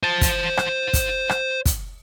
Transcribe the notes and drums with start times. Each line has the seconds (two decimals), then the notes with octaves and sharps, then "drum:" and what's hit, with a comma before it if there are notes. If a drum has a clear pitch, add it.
0.03 C5 A5
0.21 drum: kick, hi-hat
0.57 drum: rim click
0.93 drum: kick, hi-hat
1.29 drum: rim click
1.66 drum: kick, hi-hat